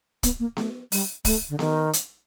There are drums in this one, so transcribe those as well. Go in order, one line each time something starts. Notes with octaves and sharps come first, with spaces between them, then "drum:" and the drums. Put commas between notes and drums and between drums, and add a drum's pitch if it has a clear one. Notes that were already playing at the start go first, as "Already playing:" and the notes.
B3, drum: kick, hi-hat
A#3
A3, drum: snare B3
G3, drum: open hi-hat
A3, drum: kick, open hi-hat
D3
D#3, drum: snare B3
drum: hi-hat